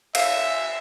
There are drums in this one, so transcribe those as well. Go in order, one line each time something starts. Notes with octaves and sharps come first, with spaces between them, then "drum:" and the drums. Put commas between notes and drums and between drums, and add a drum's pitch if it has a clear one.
E5 F5, drum: cymbal